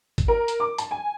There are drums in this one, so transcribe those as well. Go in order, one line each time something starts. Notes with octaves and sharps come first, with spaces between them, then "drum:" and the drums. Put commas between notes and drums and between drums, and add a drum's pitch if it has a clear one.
drum: kick G#1, hi-hat
A#4
drum: hi-hat
D6
A5, drum: hi-hat
G#5